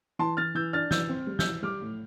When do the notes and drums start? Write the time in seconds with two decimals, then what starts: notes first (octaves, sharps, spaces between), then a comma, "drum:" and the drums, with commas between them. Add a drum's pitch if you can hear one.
0.19 E3 A5 C6
0.37 E3 F6 A6
0.55 E3 E6 G6
0.73 D4 F6 A6
0.91 E3 E6 G6, drum: snare
1.09 C4
1.27 G3
1.39 E6 G6, drum: snare
1.45 E3
1.63 G3 D6 F6
1.82 A2